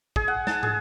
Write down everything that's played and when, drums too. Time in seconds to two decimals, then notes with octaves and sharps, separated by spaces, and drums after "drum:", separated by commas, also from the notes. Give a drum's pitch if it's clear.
0.16 G#4, drum: kick
0.28 F#5
0.47 A5, drum: snare
0.63 G#4, drum: tom